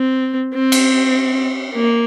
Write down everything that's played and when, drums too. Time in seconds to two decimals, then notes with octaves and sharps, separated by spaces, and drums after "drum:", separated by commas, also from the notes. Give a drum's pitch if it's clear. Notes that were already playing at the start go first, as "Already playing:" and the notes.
Already playing: C4
0.54 C4
0.72 drum: cymbal
1.75 A#3